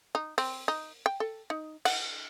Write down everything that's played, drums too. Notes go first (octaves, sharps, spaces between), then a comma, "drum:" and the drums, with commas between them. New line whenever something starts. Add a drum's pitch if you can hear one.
D#4
C4, drum: open hi-hat
D#4
G5
A4
D#4
F#5, drum: cymbal